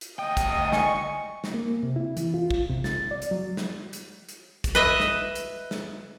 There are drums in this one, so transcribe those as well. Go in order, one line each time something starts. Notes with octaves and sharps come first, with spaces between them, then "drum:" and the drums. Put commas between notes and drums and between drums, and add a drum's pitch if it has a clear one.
drum: hi-hat
D2 D#5 G5 D#6
drum: kick, hi-hat
G#5 C#6, drum: snare
drum: snare
A#3
C3
E4
E3, drum: hi-hat
F4
drum: kick
C3
A6, drum: snare
D5
drum: hi-hat
F#3
drum: snare
drum: hi-hat
drum: hi-hat
drum: kick, hi-hat
B4 D#5 E5
drum: snare
drum: hi-hat
drum: snare